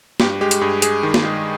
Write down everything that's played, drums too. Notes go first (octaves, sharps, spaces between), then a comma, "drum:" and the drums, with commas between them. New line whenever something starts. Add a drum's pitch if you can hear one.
G2 G4, drum: snare
G#3 G4
drum: hi-hat
G2 G#4
G#3 G#4, drum: hi-hat
D#3
drum: snare
G#3